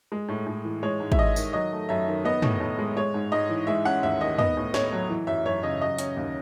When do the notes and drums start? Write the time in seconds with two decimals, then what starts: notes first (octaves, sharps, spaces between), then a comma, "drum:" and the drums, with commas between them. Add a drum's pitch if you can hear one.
0.12 G#3
0.29 A2
0.47 A2
0.64 E3
0.83 G#3 C#5
1.00 G#2
1.12 E5, drum: kick
1.18 G#2 D#5
1.36 D#3, drum: tambourine
1.53 F#3 D#5
1.72 A3
1.89 F#2 E5
2.08 D#3
2.25 B3 D#5
2.42 A2, drum: tom
2.60 A2
2.79 G#3
2.96 G#3 C#5
3.14 G#2
3.32 G#2 D#5
3.49 E3
3.67 G#3 E5
3.85 C#4 F#5
4.03 D#2 E5
4.20 D#3 D#5
4.38 B3 D#5, drum: tom
4.57 A2
4.74 A2 C#5, drum: snare
4.92 F#3
5.10 E3
5.27 F#2 E5
5.46 F#2 C#5
5.63 C#3 D#5
5.81 F#3 D#5
5.99 C#4, drum: hi-hat
6.17 D#2